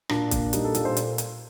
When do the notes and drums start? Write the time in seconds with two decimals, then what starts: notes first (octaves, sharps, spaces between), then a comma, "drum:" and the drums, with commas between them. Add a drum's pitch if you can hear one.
0.09 A#2 D4, drum: rim click
0.31 A#3, drum: kick, hi-hat
0.53 G3 D#4, drum: hi-hat
0.64 A4
0.75 A#2 A4, drum: hi-hat
0.85 C5
0.97 drum: hi-hat
1.18 drum: hi-hat